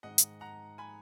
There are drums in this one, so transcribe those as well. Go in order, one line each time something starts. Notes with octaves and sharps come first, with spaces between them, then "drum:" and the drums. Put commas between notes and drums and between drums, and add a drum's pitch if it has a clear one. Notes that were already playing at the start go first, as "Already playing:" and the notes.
G#2 D#3 G#3 D#4 D#5 F#5
drum: hi-hat
F#5 A#5
G#5 B5